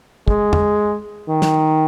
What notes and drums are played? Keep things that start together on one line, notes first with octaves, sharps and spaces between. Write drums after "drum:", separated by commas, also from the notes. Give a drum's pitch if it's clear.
G#3, drum: kick
drum: tom
D#3
drum: snare